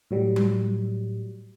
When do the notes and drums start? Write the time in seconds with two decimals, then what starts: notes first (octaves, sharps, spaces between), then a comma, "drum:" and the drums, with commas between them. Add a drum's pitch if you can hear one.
0.11 A2 F#3 G3
0.36 drum: tom G3